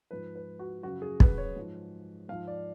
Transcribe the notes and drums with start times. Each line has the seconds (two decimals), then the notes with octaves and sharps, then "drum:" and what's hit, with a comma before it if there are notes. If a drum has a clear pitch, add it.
0.11 G#2 F3 B4
0.36 B4
0.59 F#4
0.83 F#2 C#3 F3 F#4
1.02 G#4
1.20 B4, drum: kick
1.38 C#5
1.56 G#2 F3
2.29 G#2 F3 F5
2.47 D5